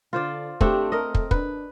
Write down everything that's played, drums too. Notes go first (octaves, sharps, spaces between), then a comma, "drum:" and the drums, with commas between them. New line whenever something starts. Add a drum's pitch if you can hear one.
D3 F4 C5 D5
A3 C4 D4 G4, drum: kick
A3 A4 A#4 D#5
drum: kick
D4 B4, drum: kick